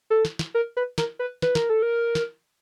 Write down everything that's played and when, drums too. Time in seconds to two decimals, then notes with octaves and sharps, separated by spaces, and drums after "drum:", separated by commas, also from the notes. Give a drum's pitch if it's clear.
0.10 A4
0.25 drum: snare
0.39 drum: snare
0.54 A#4
0.77 B4
0.98 A#4, drum: snare
1.19 B4
1.42 B4, drum: snare
1.55 A#4, drum: snare
1.70 A4
1.82 A#4
2.15 drum: snare